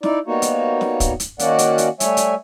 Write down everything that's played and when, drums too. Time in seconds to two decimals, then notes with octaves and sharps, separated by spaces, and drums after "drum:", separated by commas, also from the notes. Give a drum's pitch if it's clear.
0.03 D#4 E4 D5, drum: snare
0.27 G3 A#3 B3 D#4 F#4 C#5
0.42 drum: hi-hat
0.81 drum: snare
1.00 drum: kick, hi-hat
1.20 drum: hi-hat
1.39 D#3 A#3 C#4 F#4 D5 F#5, drum: hi-hat
1.59 drum: hi-hat
1.78 drum: hi-hat
2.00 G3 A3 C#5 E5 G#5, drum: hi-hat
2.17 drum: hi-hat